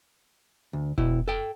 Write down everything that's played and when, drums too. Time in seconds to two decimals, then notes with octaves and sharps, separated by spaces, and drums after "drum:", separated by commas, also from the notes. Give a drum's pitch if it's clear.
0.73 D2
0.98 B2 E4, drum: kick F1
1.28 A4 G5